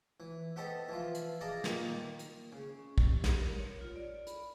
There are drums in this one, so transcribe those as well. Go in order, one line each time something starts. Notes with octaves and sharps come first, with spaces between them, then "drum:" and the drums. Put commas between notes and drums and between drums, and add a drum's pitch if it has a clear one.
E3
B3 G4 A4 C5 D#5 A5
E3 F3 F4
drum: hi-hat
G#4 D5 D#5 F5 A5 A#5
A#2 D#3 A#3 D#4, drum: snare
drum: hi-hat
C#3
C#4
drum: kick
G4
drum: snare
A#4
C#5
F4
D5
B5, drum: hi-hat